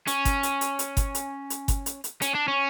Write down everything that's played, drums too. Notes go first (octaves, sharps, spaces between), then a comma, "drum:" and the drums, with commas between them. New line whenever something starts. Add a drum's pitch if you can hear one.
C#4, drum: hi-hat
drum: kick G1, hi-hat
drum: hi-hat
drum: hi-hat
drum: hi-hat
drum: kick G1, hi-hat
drum: hi-hat
drum: hi-hat
drum: kick G1, hi-hat
drum: hi-hat
drum: hi-hat
C#4, drum: hi-hat
D4
C#4